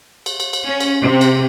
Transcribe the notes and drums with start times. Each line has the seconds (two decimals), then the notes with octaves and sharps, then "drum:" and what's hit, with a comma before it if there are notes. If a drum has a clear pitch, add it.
0.26 drum: cymbal
0.40 drum: cymbal
0.53 drum: cymbal
0.67 C#4
0.80 drum: cymbal
1.02 C3
1.21 drum: cymbal